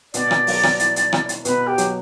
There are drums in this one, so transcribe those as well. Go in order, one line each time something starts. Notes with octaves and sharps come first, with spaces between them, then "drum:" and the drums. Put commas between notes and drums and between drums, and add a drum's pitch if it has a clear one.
B2 D5, drum: hi-hat
drum: rim click
F#3, drum: open hi-hat
drum: rim click
E4, drum: hi-hat
drum: hi-hat
E4, drum: rim click
drum: hi-hat
B2 B4, drum: hi-hat
G4
F#3, drum: hi-hat